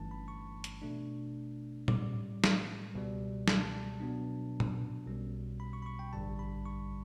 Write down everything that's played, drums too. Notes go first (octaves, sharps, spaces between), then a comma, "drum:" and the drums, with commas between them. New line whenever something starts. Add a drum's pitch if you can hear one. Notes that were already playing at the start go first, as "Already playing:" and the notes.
Already playing: G1 G2 E3 A3 C#4 A5
B5
C#6
drum: hi-hat
B2 A3 D4
A2 G3 C#4 D6, drum: tom A#2
drum: snare
C#2 B2 G3
A5, drum: snare
B2 F#3 B3 D4
drum: tom A#2
B1 B2 G3 C#4
B5
C#6
B5
C#6
G5
A1 G2 D3 G3 A5
B5
C#6